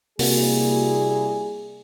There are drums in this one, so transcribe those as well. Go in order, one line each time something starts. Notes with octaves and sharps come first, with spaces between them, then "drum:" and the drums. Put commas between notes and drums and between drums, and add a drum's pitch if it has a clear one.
C3 G3 A#3 E4 F#4 G#4, drum: open hi-hat